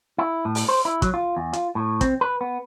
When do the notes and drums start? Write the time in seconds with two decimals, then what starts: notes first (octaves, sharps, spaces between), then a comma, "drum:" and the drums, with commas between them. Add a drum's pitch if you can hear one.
0.18 E4
0.45 A2
0.55 drum: open hi-hat
0.69 C5
0.85 E4
1.02 F#3, drum: kick, hi-hat
1.14 F4
1.37 E2
1.53 F4, drum: hi-hat
1.75 A2
2.01 C4, drum: kick, hi-hat
2.21 B4
2.41 B3